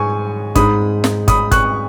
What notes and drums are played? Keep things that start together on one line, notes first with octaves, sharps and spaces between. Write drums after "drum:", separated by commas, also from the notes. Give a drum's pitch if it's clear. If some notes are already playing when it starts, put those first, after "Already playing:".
Already playing: G#2 G#3 G#5 C#6
G#2 G#3 D#4 B5 D#6, drum: kick, hi-hat
drum: snare
B5 D#6, drum: kick, hi-hat
C#6 F#6, drum: kick, hi-hat